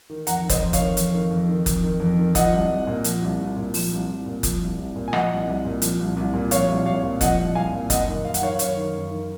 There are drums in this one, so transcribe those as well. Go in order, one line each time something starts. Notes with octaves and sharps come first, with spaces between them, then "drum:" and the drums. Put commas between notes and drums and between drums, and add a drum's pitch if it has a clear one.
D#3
F2 F#5 A#5, drum: hi-hat
D#3
C5 D#5, drum: kick F#1, hi-hat
F2
C#5 F5, drum: kick F#1, hi-hat
D#3
F2, drum: hi-hat
D#3
F2
D#3
F2, drum: kick F#1, hi-hat
D#3
F2
D#3
F3 D#5 F#5, drum: kick F#1, hi-hat
C2
C2
A#2
F3, drum: hi-hat
C2
C2
A#2
F3, drum: open hi-hat
C2
C2
A#2
F3, drum: kick F#1, hi-hat
C2
C2
A#2
G#5
F3 D#5 F#5, drum: rim click
C2
C2
A#2
F3, drum: hi-hat
C2
C2
A#2
F3 C#5 F5, drum: hi-hat
C2
C2 C#5 F5
A#2
F3 D#5 F#5, drum: kick F#1, hi-hat
C2
C2 F5 G#5
A#2
F#2 D#5 F#5, drum: kick F#1, hi-hat
D#3
F#2 F5
F#5, drum: hi-hat
D#3 C#5 F5
F#2 C#5 F5, drum: hi-hat
D#3
F#2
D#3